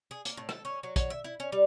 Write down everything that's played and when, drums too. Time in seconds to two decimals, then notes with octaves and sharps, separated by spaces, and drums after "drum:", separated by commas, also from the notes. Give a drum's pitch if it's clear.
0.11 G#4
0.25 A#3, drum: hi-hat
0.37 A2
0.49 A4, drum: rim click
0.65 C#4
0.83 F#3
0.96 F#3, drum: kick, hi-hat
1.10 E5
1.24 E4
1.40 C#4
1.52 G3